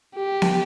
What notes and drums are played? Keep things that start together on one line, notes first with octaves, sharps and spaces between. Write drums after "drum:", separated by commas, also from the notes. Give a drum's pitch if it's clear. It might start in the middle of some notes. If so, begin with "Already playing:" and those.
G4
drum: snare B3